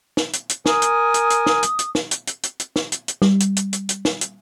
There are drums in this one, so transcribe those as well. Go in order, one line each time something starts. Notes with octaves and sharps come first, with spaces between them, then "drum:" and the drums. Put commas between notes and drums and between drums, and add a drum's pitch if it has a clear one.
drum: snare
drum: hi-hat
drum: hi-hat
A#4 G#5 D#6, drum: snare
drum: hi-hat
drum: hi-hat
drum: hi-hat
drum: snare
drum: hi-hat
drum: hi-hat
drum: snare
drum: hi-hat
drum: hi-hat
drum: hi-hat
drum: hi-hat
drum: snare
drum: hi-hat
drum: hi-hat
G3, drum: snare
drum: hi-hat
drum: hi-hat
drum: hi-hat
drum: hi-hat
drum: snare
drum: hi-hat